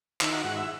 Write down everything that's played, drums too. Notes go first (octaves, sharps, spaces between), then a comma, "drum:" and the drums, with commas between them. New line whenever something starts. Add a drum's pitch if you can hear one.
D#3 E4 E5, drum: clap
F#4 F#5
G#2 F#4 F#5
E4 E5